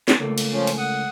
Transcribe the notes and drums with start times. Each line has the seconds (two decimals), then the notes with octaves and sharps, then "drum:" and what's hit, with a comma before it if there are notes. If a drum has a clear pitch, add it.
0.08 drum: snare
0.19 C#2 A3 A#3
0.38 drum: cymbal
0.53 F3 C#4
0.67 drum: cymbal
0.78 F#5 D#6